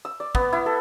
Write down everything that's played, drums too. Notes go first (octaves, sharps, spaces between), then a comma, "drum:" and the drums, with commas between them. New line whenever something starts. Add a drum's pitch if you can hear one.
E6
D5
B3, drum: kick
E4
A4